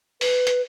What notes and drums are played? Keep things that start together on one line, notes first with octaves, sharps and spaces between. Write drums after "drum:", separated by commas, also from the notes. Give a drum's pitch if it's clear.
B4, drum: open hi-hat
drum: hi-hat